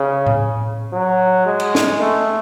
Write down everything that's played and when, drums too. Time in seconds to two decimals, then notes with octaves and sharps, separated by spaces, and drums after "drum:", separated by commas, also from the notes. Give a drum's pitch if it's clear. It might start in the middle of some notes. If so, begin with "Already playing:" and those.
Already playing: C#3
0.27 drum: tom A2
0.93 F#3
1.46 G#3
1.60 drum: cymbal
1.75 drum: snare
2.00 A3